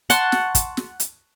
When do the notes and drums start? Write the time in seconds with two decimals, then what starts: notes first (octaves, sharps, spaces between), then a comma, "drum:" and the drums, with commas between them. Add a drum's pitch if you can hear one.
0.10 F#5 A5 C6 C#6, drum: hi-hat
0.32 drum: snare
0.55 drum: kick, hi-hat
0.77 drum: snare
1.00 drum: hi-hat